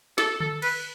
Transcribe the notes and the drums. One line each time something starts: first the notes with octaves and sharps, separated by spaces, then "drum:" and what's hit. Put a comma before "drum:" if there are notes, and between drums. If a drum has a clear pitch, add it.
A4, drum: snare
A4, drum: tom D3
B4, drum: cymbal